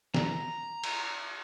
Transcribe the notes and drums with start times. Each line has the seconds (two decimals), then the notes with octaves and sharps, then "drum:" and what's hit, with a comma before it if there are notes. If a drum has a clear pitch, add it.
0.14 A#5, drum: snare
0.84 drum: cymbal